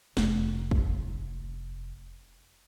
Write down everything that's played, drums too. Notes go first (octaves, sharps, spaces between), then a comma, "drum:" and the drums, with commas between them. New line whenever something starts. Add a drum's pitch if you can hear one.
F1 A3, drum: snare
drum: kick